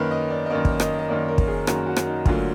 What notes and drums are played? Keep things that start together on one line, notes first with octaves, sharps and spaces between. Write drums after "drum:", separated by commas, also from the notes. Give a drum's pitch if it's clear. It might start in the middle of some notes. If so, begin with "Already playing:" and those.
Already playing: F#2 D#3 A#3 B4
D#5
D5
D#5
F#2 D#3 A#3 D5
drum: kick
D#5, drum: rim click
D#5
F#2 D#3 A#3 D5
A#4
drum: kick
G#4
F#2 D#3 A#3 F#4, drum: rim click
F#4
drum: rim click
D#4
D2 D3 F#3 A#3 F4, drum: kick